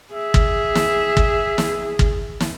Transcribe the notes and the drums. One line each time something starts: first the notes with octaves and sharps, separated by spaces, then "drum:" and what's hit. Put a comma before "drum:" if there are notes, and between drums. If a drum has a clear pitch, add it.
G#4 E5
drum: kick
drum: snare
drum: kick
drum: snare
drum: kick
drum: snare